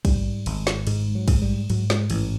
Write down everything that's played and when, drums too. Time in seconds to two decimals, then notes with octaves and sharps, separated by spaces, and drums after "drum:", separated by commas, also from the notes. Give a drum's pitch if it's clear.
0.05 G#2 G3, drum: kick, cymbal
0.46 G#1, drum: cymbal
0.67 drum: snare
0.87 G#2 G#3, drum: cymbal
1.15 F#3
1.28 G#2, drum: kick, cymbal
1.42 G3
1.70 G#2 F#3, drum: cymbal
1.90 G#3, drum: snare
2.10 A1 E3, drum: cymbal